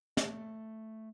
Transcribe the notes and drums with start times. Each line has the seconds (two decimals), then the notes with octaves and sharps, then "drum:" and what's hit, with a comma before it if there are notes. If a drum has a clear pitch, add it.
0.17 A3, drum: snare